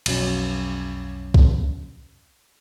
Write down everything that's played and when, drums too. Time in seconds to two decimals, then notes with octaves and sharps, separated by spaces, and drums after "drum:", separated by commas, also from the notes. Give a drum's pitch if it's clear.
0.06 B1 F2 F#3 C#4, drum: cymbal
1.34 drum: kick